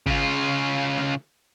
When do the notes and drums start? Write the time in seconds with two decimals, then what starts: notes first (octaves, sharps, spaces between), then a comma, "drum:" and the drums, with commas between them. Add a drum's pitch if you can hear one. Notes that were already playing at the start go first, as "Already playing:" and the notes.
0.06 C#3 F4, drum: kick G#1
0.98 drum: snare